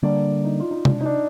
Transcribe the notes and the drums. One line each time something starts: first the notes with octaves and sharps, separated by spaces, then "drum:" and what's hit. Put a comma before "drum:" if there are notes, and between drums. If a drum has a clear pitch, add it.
D3 G3 A#3 D4 D5
D#4
F4
D#4
D4, drum: tom
D#4
D4